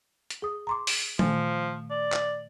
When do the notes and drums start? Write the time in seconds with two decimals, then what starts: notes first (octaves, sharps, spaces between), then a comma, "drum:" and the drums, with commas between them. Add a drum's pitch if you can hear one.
0.30 drum: hi-hat
0.42 G#4 D#6
0.67 A#5 C6 D6
0.87 drum: open hi-hat
1.19 A#2 D#3 F3 A3, drum: tom F3
1.90 D5
2.12 drum: clap